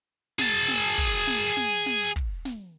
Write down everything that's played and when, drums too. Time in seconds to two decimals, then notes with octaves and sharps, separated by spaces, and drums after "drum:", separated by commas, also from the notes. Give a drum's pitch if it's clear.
0.39 G#4 A5, drum: snare
0.68 drum: snare
0.98 drum: kick
1.27 drum: snare
1.57 drum: snare
1.86 drum: snare
2.16 drum: kick
2.45 drum: snare